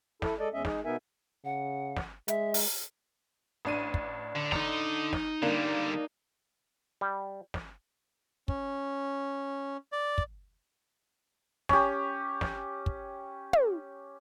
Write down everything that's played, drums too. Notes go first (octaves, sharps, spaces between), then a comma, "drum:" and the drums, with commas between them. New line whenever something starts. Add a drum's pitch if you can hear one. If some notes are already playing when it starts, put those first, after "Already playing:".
E4 A4, drum: snare
G#3 A4 D5 D#5
E2 G#3 C#4 D#5 E5
G#3 D#4 G#4, drum: snare
B2 B3 D#4 A#4 E5 G#5
C#3 F#5
drum: snare
G#3 E5, drum: hi-hat
drum: open hi-hat
A1 D4 D#7
drum: kick
D3
D#4 A#5, drum: snare
drum: snare
D3 G3 A#3 D4
G3
drum: snare
C#4, drum: kick
D5
drum: kick
C#4 G4, drum: snare
drum: snare
drum: kick
drum: tom